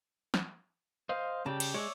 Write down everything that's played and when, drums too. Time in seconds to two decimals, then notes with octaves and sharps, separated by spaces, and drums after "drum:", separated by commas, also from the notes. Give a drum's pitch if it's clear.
0.34 drum: snare
1.09 C5 D#5 F5
1.46 C#3 G4 D5 A5
1.60 drum: cymbal
1.74 G#3 C#5 D5 E5